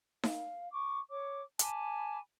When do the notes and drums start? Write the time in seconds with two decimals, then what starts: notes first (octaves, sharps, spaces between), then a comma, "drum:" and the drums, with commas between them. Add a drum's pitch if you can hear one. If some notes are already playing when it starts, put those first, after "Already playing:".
0.23 F5, drum: snare D#4
0.71 C#6 D6
1.09 C#5 D6
1.59 G#5 A5 B5 D6, drum: hi-hat